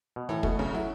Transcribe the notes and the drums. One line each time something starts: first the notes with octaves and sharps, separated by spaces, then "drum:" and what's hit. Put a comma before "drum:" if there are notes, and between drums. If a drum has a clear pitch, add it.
B2
A2 E3
B2 A3, drum: kick
F#2 C#3
F#3 E4